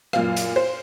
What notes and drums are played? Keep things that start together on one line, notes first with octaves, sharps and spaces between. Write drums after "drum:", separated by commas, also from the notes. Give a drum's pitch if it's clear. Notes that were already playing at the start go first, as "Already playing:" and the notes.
F#2 A#2 F5, drum: rim click
drum: hi-hat
C5